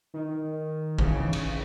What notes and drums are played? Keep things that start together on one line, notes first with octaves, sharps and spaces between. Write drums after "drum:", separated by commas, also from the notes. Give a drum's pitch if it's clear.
D#3
C#3 E3, drum: kick
drum: cymbal